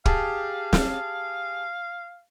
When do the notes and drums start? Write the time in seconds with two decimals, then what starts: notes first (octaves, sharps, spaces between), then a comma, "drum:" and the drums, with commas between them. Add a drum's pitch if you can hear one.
0.06 G4 G#4 F5 A5, drum: kick
0.73 drum: snare